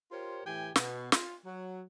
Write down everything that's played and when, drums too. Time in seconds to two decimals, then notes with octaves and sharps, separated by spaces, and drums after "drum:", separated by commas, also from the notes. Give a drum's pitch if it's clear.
0.12 F4 G4 A#4 C5 C#5
0.46 A2 E3 G4 G5 G#5
0.76 B2, drum: snare
1.12 F4, drum: snare
1.46 F#3